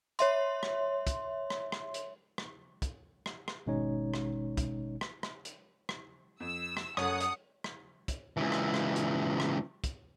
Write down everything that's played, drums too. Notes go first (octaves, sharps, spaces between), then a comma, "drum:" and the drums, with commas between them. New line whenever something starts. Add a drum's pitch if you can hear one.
C#5 E5 C6, drum: hi-hat
drum: rim click
drum: kick, hi-hat
drum: rim click
drum: rim click
drum: hi-hat
drum: rim click
drum: kick, hi-hat
drum: rim click
drum: rim click
G#1 B2 G#3 C#4 D#4 C#5
drum: rim click
drum: kick, hi-hat
drum: rim click
drum: rim click
drum: hi-hat
drum: rim click
F2 E6
drum: rim click
F#1 F#2 A4 C#5 F#5 D#6, drum: rim click
drum: hi-hat
drum: rim click
drum: kick, hi-hat
C#2 E3
drum: rim click
drum: rim click
drum: hi-hat
drum: rim click
drum: kick, hi-hat